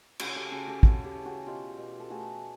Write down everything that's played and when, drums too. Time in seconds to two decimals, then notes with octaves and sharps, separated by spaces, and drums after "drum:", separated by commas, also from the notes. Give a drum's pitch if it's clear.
0.19 C#3 F#4 G#4, drum: cymbal
0.36 G4 A4
0.51 C#3 F#4 G#4
0.68 G4 A4
0.83 C#3 F#4 G#4, drum: kick
1.04 G4 A4
1.15 E3
1.25 F#4 G#4
1.46 B2 F4 G4
1.78 B2
1.99 A4
2.10 A3 F#4 G#4